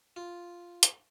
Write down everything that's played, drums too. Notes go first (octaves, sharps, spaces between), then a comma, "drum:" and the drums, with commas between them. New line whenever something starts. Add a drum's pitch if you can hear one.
F4
drum: hi-hat